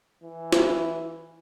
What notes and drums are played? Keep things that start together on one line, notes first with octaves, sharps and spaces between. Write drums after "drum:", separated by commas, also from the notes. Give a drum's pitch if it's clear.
E3
drum: snare